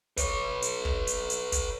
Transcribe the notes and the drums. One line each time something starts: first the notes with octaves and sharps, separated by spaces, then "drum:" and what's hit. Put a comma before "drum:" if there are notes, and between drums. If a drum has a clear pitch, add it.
B4 C#5, drum: kick, hi-hat
drum: hi-hat
drum: kick
drum: hi-hat
drum: hi-hat
drum: kick, hi-hat